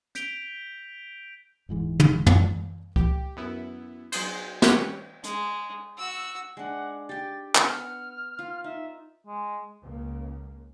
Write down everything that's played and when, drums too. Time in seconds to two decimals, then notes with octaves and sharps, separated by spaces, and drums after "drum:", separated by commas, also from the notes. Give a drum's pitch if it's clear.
0.15 G6 B6 D7 F7 G7, drum: hi-hat
1.69 D#1 G#2 E3 G#3
2.00 drum: tom
2.26 drum: tom
2.96 G4, drum: kick C#2
3.37 F#2 B3 E4
4.12 F#3 G#4 C5, drum: cymbal
4.62 C4 C#4 G4 B4 C#5, drum: snare
5.24 G#3, drum: hi-hat
5.98 F#4 E6
6.57 G#3 D4 F#5
7.09 G4 G5 A6
7.55 B3 F#5 F6, drum: clap
8.39 F4
8.64 D#4 E5
9.27 G#3
9.82 C#2 C#3 A#3